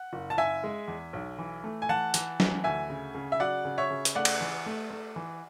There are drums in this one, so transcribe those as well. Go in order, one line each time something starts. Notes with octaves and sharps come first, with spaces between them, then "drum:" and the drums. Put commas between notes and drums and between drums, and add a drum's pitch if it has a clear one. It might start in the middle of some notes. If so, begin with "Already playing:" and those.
Already playing: F#5
F#1
A5
F#1 E5 G#5
G#3
E2
B1
E3
A3
G#5
E3 F#5 A5
E3, drum: hi-hat
E3, drum: snare
D2 E5 G#5
C#3
C#3
E5
F#3 D5 F#5
C#3
C#5 E5
C#3
drum: hi-hat
A3 D5 F#5
drum: cymbal
E3
A3
A3
E3